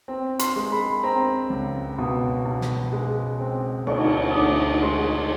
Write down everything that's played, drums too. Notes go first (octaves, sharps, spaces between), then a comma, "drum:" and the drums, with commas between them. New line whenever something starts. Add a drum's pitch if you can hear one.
C4
C6, drum: hi-hat
G#3
B5
C4 A#5
C#2
B2
B2
drum: snare
G#3
C4
D2 C#6, drum: cymbal
D#6
D2 D6
G#3 C6